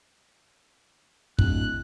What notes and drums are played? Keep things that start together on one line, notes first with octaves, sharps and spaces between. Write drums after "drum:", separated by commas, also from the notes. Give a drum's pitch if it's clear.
D1 F#6, drum: kick